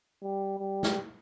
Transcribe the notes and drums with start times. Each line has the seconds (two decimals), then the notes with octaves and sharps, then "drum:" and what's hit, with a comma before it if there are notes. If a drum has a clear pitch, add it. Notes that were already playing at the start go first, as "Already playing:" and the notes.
0.22 G3
0.59 G3
0.83 drum: snare